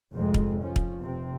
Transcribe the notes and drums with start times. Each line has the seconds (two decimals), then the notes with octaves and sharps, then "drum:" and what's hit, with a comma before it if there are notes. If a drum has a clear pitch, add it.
0.14 F1 F2 G#2 C3 G#3 C4
0.34 drum: kick
0.59 F3 C#4
0.76 drum: kick
1.01 F1 C3 C4